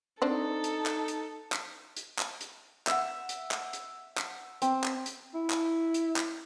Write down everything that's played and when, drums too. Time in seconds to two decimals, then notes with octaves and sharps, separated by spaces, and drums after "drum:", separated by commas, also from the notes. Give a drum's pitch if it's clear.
0.22 C4 D4 D#4 A4 C5
0.64 drum: hi-hat
0.86 drum: clap
1.08 drum: hi-hat
1.52 drum: clap
1.97 drum: hi-hat
2.19 drum: clap
2.41 drum: hi-hat
2.87 E5 F#5, drum: clap
3.29 drum: hi-hat
3.51 drum: clap
3.73 drum: hi-hat
4.18 drum: clap
4.62 C4, drum: hi-hat
4.84 drum: clap
5.06 drum: hi-hat
5.35 E4
5.50 drum: clap
5.94 drum: hi-hat
6.16 drum: clap